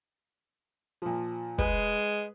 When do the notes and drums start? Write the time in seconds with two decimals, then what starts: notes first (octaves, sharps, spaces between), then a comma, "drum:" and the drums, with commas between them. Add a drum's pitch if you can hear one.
1.02 A#2 F3
1.58 G#3 G#4 B4, drum: kick